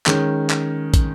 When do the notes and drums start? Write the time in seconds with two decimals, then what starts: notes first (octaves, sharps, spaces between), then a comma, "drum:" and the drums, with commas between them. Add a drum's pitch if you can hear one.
0.06 D#3 G#3 C#4, drum: clap
0.50 drum: clap
0.94 drum: kick, hi-hat